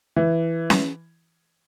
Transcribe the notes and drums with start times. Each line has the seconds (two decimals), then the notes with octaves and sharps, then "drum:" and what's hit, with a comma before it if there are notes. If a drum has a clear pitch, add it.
0.16 E3
0.70 drum: snare C#4